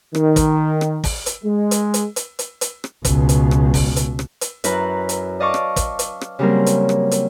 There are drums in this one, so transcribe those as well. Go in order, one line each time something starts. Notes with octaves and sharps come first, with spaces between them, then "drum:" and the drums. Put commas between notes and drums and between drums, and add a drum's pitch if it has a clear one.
D#3, drum: rim click
drum: kick, hi-hat
drum: rim click
drum: kick, open hi-hat
drum: hi-hat
G#3
drum: hi-hat
drum: hi-hat
drum: hi-hat
drum: hi-hat
drum: hi-hat
drum: rim click
C#2 B2, drum: kick, hi-hat
drum: hi-hat
drum: rim click
drum: kick, open hi-hat
drum: hi-hat
drum: rim click
drum: hi-hat
F#2 E4 B4 A#5 F#6, drum: hi-hat
drum: hi-hat
D5 D#5 F5 A5 C#6 D6
drum: rim click
drum: kick, hi-hat
drum: hi-hat
drum: rim click
C#3 F#3 G3 A#3 C4 A#4
drum: hi-hat
drum: rim click
drum: hi-hat